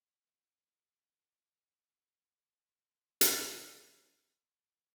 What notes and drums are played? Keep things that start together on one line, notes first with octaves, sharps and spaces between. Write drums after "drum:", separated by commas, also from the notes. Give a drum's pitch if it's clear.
E4
D3
C#3
D3
A5 C6
drum: hi-hat